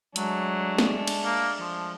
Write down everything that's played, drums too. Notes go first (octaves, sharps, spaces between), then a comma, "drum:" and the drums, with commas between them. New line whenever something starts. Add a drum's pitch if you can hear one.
F#3 G#3 A3 D4, drum: hi-hat
drum: snare
drum: cymbal
A#3
F3